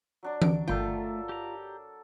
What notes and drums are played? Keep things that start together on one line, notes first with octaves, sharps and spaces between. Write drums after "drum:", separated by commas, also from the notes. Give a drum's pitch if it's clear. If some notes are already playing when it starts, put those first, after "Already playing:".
F#3 D4 D5
D7, drum: tom E3
G1 A3 F4 A4 A#4 D5 G5
G4 A#5